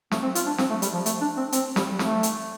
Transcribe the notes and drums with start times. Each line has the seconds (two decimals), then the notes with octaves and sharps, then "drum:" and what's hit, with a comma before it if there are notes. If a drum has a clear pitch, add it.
0.11 A3, drum: snare
0.23 C4
0.35 F4, drum: hi-hat
0.46 D4
0.58 C4, drum: snare
0.70 A3
0.82 G3, drum: hi-hat
0.94 F3
1.06 A3, drum: hi-hat
1.21 D4
1.37 C4
1.52 C4, drum: hi-hat
1.76 G3, drum: snare
1.99 A3, drum: snare
2.23 drum: hi-hat